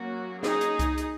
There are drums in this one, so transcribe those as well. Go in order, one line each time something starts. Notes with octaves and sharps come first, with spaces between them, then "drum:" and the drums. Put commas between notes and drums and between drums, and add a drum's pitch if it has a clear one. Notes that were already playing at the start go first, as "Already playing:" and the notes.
Already playing: F#3 A#3 C#4 F#4
D#4 G#4, drum: snare
drum: hi-hat
drum: kick C2, hi-hat
drum: hi-hat